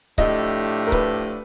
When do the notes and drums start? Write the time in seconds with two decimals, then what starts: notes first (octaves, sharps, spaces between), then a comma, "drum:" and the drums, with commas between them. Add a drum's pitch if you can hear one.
0.18 A2 F3 A3 D4 G4 D#5, drum: kick C#1
0.87 A#4
0.92 B4, drum: kick C#1